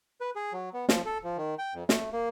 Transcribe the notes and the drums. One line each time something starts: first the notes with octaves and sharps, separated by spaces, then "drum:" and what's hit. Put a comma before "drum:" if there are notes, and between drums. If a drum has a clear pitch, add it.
B4
G#4
F#3
B3
F3, drum: snare
A4
F3
D#3
G5
F2
A3, drum: snare
A#3